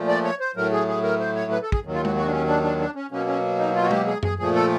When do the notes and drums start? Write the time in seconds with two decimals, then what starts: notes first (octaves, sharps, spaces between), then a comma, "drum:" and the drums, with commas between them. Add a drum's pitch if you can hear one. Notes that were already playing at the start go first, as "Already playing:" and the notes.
Already playing: A#2 F3 A3
0.08 D5
0.24 C#5
0.40 C5
0.56 A2 F#3 A3 A#4
0.72 G#4
0.88 G#4
1.03 A#4
1.20 C5
1.35 C#5
1.51 B4
1.63 A4
1.72 G#4, drum: kick
1.84 D#2 D#3 F#3
1.94 F4
2.05 F#4, drum: tom G#3
2.16 F#4
2.25 D4
2.31 C#4
2.48 D4
2.63 D4
2.79 D4
2.95 C#4
3.11 B2 F#3 A#3 C#4
3.27 C#4
3.59 D#4
3.75 F4
3.83 F#4
3.91 G4, drum: tom G#3
4.07 G#4
4.23 G#4, drum: tom F#2
4.39 A#2 F3 A3 G#4
4.55 A4